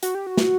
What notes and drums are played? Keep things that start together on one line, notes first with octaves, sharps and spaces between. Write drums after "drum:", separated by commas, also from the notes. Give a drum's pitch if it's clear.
F#4, drum: hi-hat
G4
F#4
drum: snare